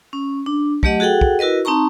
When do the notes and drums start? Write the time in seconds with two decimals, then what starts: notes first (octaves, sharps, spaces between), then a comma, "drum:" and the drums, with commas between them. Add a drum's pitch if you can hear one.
0.13 C#4
0.46 D4
0.83 F#3 A3 G4 D#5 F#5, drum: kick
1.00 F#4 G#4 A4 F#5 G5
1.21 drum: kick
1.39 E4 F#4 A#4 B4 D#5
1.65 C4 D#4 A5 A#5 C#6